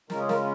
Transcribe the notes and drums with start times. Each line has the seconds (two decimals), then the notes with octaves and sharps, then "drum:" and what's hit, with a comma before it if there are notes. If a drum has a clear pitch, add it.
0.10 C#3 G#3 C#4 F4 A#4, drum: snare
0.20 G#4
0.29 A#4, drum: snare